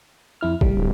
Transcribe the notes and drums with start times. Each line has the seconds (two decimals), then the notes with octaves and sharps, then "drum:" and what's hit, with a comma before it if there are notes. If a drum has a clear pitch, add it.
0.41 F2 E4 F6
0.61 G3, drum: kick
0.77 D1